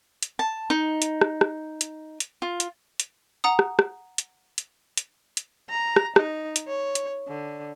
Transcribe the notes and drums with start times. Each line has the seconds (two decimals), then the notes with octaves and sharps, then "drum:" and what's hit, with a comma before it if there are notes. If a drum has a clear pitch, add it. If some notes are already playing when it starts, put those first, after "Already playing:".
0.23 drum: hi-hat
0.39 A5
0.70 D#4
1.02 drum: hi-hat
1.21 drum: rim click
1.41 drum: rim click
1.81 drum: hi-hat
2.20 drum: hi-hat
2.42 F4
2.60 drum: hi-hat
3.00 drum: hi-hat
3.44 F#5 A#5 D#6
3.59 drum: rim click
3.79 drum: rim click
4.18 drum: hi-hat
4.58 drum: hi-hat
4.97 drum: hi-hat
5.37 drum: hi-hat
5.70 A#5
5.96 drum: rim click
6.16 D#4, drum: rim click
6.56 drum: hi-hat
6.68 C#5
6.95 drum: hi-hat
7.28 D3